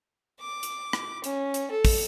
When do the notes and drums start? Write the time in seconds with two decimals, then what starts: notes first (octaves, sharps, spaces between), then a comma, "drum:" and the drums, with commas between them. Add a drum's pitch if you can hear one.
0.40 D6
0.63 drum: hi-hat
0.93 drum: rim click
1.24 C#4, drum: hi-hat
1.54 drum: hi-hat
1.69 A4
1.85 drum: kick, open hi-hat